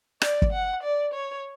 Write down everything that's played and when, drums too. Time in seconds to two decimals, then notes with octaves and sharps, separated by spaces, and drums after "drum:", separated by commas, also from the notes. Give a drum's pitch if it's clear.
0.22 D5, drum: rim click
0.42 drum: kick
0.52 F#5
0.83 D5
1.14 C#5